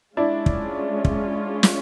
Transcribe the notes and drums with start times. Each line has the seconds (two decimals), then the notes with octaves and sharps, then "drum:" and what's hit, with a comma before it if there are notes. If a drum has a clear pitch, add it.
0.17 G#3 C#4 D4 E4 F4
0.46 drum: kick
1.05 drum: kick
1.63 drum: snare